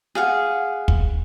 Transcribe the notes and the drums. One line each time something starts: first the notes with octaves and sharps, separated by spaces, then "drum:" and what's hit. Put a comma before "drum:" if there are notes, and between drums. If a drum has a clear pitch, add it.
G#4 F5 F#5
drum: kick